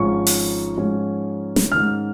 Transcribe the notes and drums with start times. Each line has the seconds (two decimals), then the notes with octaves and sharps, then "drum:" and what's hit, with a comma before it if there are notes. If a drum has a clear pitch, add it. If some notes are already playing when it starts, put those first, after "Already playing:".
Already playing: G#1 G#2 F3 C#4 C#6
0.27 drum: open hi-hat
0.78 G#2 F3 C#4
1.56 drum: snare
1.72 G#2 D#3 C#4 F6